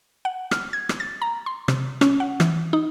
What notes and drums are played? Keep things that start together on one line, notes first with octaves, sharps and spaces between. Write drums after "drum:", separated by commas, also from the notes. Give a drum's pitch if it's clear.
F#5
F6, drum: rim click
G#6
drum: rim click
A6
A#5
C6
C3, drum: rim click
C#4, drum: rim click
F#5
E3, drum: rim click
D#4